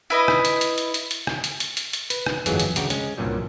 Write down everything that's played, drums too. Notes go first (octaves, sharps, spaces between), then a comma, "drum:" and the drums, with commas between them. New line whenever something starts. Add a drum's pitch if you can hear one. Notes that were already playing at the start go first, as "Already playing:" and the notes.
E4 B4 D#5
drum: rim click
drum: hi-hat
drum: hi-hat
drum: hi-hat
drum: hi-hat
drum: hi-hat
drum: rim click
drum: hi-hat
drum: hi-hat
drum: hi-hat
drum: hi-hat
B4, drum: hi-hat
drum: rim click
G1 F2 E3 F#3 G#3 G#4, drum: hi-hat
drum: hi-hat
D2 C#3 F#4 D5 G5 A#5, drum: hi-hat
G#3 C#4, drum: hi-hat
C2 G2 A#2 F#3 G3